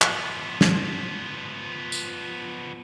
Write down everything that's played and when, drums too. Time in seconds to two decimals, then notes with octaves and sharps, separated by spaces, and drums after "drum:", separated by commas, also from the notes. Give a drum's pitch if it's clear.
0.02 F3 B3, drum: clap
0.61 drum: snare
1.92 drum: tambourine